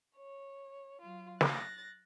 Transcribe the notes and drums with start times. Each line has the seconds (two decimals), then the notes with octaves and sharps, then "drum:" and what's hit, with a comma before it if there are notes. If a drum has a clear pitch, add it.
0.16 C#5
1.01 F#3 F4
1.41 F#6 A6 A#6, drum: snare